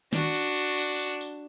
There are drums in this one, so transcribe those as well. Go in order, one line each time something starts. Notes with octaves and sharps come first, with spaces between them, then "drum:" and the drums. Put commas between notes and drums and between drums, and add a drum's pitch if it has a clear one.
D4 F#4, drum: snare
drum: tambourine
drum: tambourine
drum: tambourine
drum: tambourine
drum: tambourine